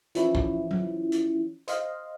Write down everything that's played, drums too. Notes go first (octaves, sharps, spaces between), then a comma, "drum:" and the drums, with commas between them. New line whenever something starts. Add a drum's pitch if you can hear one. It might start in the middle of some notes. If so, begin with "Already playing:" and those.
E3 F3 C#4 E4, drum: hi-hat
drum: kick
drum: tom
drum: hi-hat
C5 D#5 F5, drum: hi-hat